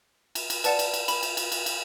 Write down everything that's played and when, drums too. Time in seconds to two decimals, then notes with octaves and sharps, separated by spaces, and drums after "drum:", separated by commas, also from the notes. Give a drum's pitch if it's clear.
0.35 drum: cymbal
0.50 drum: cymbal
0.64 B4 D5 F#5 A5, drum: cymbal
0.79 drum: cymbal
0.94 drum: cymbal
1.08 B5, drum: cymbal
1.23 drum: cymbal
1.37 drum: cymbal
1.52 drum: cymbal
1.66 drum: cymbal